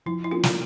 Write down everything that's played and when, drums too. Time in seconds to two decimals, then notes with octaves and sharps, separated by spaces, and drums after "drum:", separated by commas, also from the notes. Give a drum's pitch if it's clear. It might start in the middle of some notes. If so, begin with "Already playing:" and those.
0.06 F3 E4
0.24 E4
0.31 A#3 C#4 F4
0.43 drum: snare